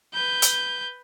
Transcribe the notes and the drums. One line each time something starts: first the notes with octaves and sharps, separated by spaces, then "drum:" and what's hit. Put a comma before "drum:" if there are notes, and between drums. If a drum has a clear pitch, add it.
B4 G6
drum: hi-hat